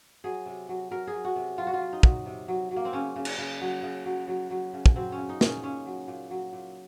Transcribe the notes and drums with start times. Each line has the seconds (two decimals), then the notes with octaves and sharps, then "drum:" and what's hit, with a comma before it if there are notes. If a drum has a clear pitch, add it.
0.24 F#3 G#4
0.46 C3
0.69 F#3
0.91 F#3 A#4
1.07 G#4
1.14 F#3
1.25 F#4
1.36 C3
1.58 F#3 F4
1.67 F#4
1.74 F4
1.81 F#3
1.93 D#4
2.03 F#3, drum: kick
2.26 C3
2.48 F#3
2.71 F#3
2.76 A#3
2.85 C4
2.93 C#3 C#4
3.16 C#3
3.25 drum: cymbal
3.38 C#3
3.61 F#3
3.83 C#3
4.06 F#3
4.28 F#3
4.50 F#3
4.73 C#3
4.86 drum: kick
4.96 F#3 C4
5.12 C#4
5.18 C#3
5.29 D#4
5.41 C#3, drum: snare
5.46 C#4
5.63 A#2 C#4
5.86 F#3
6.08 A#2
6.31 F#3
6.53 A#2